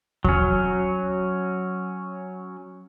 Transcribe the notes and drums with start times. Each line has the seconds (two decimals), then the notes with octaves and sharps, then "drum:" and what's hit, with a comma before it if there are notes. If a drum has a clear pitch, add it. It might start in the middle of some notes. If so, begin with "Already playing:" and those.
0.24 F#3 C#4, drum: kick D#2